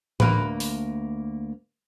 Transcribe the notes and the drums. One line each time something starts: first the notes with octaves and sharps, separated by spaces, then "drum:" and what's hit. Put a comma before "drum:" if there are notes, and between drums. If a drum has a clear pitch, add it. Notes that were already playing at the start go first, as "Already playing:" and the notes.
D2 A#3 B4, drum: tom A2
drum: open hi-hat